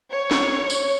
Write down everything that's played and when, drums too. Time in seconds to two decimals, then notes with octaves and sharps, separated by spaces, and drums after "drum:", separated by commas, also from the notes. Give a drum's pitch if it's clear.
0.12 C#5
0.31 drum: snare
0.70 drum: tambourine